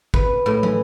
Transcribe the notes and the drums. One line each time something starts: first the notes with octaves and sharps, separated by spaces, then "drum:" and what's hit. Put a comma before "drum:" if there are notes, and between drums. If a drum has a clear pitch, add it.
B4, drum: kick
A2
E3, drum: tom